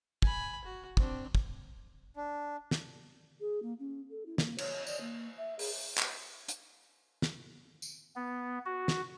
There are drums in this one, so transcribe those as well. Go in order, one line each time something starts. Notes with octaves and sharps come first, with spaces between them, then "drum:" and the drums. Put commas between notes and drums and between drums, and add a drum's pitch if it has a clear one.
G#5 B5, drum: kick
F#4
C4 D4, drum: kick
drum: kick
D4
drum: snare
G#4
A#3
C#4
A4
E4
A#3, drum: snare
C#5, drum: cymbal
D5, drum: tambourine
A#3
E5
G#4, drum: open hi-hat
drum: clap
drum: hi-hat
drum: snare
drum: tambourine
B3
F#4
drum: snare